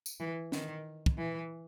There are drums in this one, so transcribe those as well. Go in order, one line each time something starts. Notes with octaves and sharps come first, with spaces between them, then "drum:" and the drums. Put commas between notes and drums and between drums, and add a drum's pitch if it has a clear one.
drum: tambourine
E3
D#3, drum: snare
drum: kick
E3